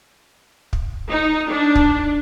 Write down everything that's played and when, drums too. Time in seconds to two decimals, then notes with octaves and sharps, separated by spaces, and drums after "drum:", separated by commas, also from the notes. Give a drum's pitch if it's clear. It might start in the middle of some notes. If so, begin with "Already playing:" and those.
0.73 drum: kick
1.09 D#4
1.50 D4
1.75 drum: kick